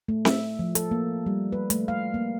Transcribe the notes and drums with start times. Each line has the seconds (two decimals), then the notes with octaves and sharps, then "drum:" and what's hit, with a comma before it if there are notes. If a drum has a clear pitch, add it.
0.08 A3
0.25 E5, drum: snare C4
0.59 F3
0.75 A4, drum: hi-hat
0.91 A#3
1.26 G3
1.52 B4
1.70 A3, drum: hi-hat
1.88 F5
2.14 A#3